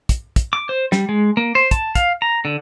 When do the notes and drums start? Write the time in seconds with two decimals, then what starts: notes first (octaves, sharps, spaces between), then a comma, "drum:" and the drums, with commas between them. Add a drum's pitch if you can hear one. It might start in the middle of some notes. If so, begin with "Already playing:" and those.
0.09 drum: kick, hi-hat
0.36 drum: kick, hi-hat
0.53 D6
0.69 C5
0.92 G3, drum: snare
1.09 G#3
1.37 A#3
1.55 C5
1.71 A5, drum: kick, hi-hat
1.95 F5, drum: kick, hi-hat
2.22 A#5
2.45 D3